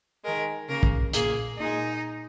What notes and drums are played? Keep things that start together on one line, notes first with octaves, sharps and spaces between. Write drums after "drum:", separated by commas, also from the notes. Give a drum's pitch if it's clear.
D#3 G#3 A#4
C#3 A#3 A#4
drum: kick
A#2 A#3 G#4, drum: hi-hat
A#2 G#3 D#4